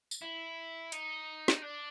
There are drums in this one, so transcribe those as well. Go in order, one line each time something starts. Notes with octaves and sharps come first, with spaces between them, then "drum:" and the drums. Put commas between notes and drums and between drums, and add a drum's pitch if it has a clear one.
drum: tambourine
E4
D#4, drum: hi-hat
drum: snare
D4